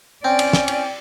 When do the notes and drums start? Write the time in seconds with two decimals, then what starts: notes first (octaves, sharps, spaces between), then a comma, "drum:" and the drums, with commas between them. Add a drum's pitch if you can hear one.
0.24 C4 C#4 D5 G5
0.39 drum: cymbal
0.53 drum: snare
0.68 drum: cymbal